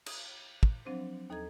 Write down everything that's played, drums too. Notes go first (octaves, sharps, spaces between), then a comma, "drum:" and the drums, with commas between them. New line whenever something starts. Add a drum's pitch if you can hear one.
D#6, drum: cymbal
drum: kick
F3 F#3 C4 D4 C5
D#2 D#4 A4 D#5 A#5 G#6